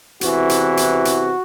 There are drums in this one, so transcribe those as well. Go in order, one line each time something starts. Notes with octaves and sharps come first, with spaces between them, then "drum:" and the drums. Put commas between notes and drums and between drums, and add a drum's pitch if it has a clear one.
E2 C3 E3 F#4, drum: hi-hat
drum: hi-hat
drum: hi-hat
drum: hi-hat